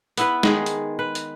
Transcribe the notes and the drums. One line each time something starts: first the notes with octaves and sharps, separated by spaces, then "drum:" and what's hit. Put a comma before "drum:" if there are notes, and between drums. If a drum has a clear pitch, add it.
B3 E4 B4, drum: hi-hat
D#3 G#3 G#4, drum: snare
drum: hi-hat
B4
drum: hi-hat